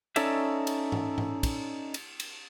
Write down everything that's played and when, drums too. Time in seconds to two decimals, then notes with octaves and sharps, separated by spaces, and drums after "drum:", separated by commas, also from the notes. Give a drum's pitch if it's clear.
0.16 C#4 D#4 A4 C#5 D5 E5, drum: cymbal
0.67 drum: cymbal
0.92 drum: tom G#2
1.18 drum: tom G#2
1.43 drum: kick, cymbal
1.94 drum: cymbal
2.20 drum: cymbal